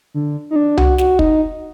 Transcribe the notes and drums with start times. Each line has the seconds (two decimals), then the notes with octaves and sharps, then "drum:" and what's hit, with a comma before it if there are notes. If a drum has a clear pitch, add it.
0.14 D3
0.51 D#4
0.56 D4
0.77 F#4, drum: tom C2
0.98 F#4, drum: snare
1.19 D#4, drum: kick